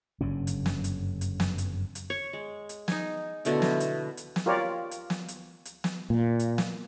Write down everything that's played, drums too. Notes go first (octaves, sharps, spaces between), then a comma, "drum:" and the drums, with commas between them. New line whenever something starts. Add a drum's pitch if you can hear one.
F#1 G2 D3 C#4
drum: hi-hat
drum: snare
drum: hi-hat
drum: hi-hat
drum: snare
drum: hi-hat
drum: hi-hat
C#5
G#3
drum: hi-hat
D#4 G#5, drum: snare
B2 D3 A3 E4, drum: hi-hat
drum: snare
drum: hi-hat
drum: hi-hat
drum: snare
F4 G4 A#4 C#5 D5
drum: hi-hat
drum: snare
drum: hi-hat
drum: hi-hat
drum: snare
A#2
drum: hi-hat
drum: snare